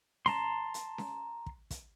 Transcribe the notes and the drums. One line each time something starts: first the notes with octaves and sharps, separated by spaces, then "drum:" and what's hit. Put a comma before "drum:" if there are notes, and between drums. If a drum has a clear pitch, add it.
A5 A#5 C6, drum: snare C#4
drum: hi-hat
drum: snare C#4
drum: kick
drum: kick, hi-hat